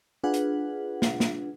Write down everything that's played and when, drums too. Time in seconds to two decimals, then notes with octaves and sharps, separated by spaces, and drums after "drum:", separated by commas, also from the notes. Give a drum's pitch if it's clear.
0.24 D4 F4 G#4 B4 F#5
0.34 drum: hi-hat
1.02 drum: snare
1.20 drum: snare